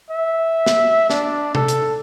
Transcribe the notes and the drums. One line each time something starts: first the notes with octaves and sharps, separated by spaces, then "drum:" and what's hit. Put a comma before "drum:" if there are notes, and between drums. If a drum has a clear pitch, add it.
E5
drum: snare
D4, drum: snare
A4, drum: tom C3
drum: hi-hat